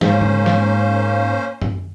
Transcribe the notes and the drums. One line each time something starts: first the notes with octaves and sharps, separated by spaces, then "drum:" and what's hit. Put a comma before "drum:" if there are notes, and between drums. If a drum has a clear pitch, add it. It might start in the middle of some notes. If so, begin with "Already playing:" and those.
G#2 A#3 C#4 C5, drum: snare
drum: tom C#3
drum: snare
drum: tom F#2